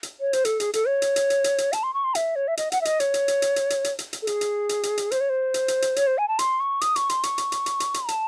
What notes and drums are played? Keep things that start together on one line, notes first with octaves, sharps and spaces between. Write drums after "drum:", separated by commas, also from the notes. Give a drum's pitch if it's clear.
drum: hi-hat
C#5
C5, drum: hi-hat
A4, drum: hi-hat
G#4, drum: hi-hat
A4, drum: hi-hat
C#5
drum: hi-hat
drum: hi-hat
drum: hi-hat
drum: hi-hat
drum: hi-hat
A5, drum: hi-hat
C6
C#6
C6
E5, drum: hi-hat
C#5
E5
D#5, drum: hi-hat
F#5, drum: hi-hat
E5
D#5, drum: hi-hat
C#5, drum: hi-hat
drum: hi-hat
drum: hi-hat
drum: hi-hat
drum: hi-hat
drum: hi-hat
drum: hi-hat
drum: hi-hat
drum: hi-hat
A4
G#4, drum: hi-hat
drum: hi-hat
drum: hi-hat
drum: hi-hat
drum: hi-hat
C5, drum: hi-hat
C#5
C5
drum: hi-hat
drum: hi-hat
drum: hi-hat
C#5, drum: hi-hat
C5
G#5
A5
C6, drum: hi-hat
C#6
D#6, drum: hi-hat
C#6, drum: hi-hat
C6, drum: hi-hat
C#6, drum: hi-hat
drum: hi-hat
drum: hi-hat
drum: hi-hat
drum: hi-hat
drum: hi-hat
A5, drum: hi-hat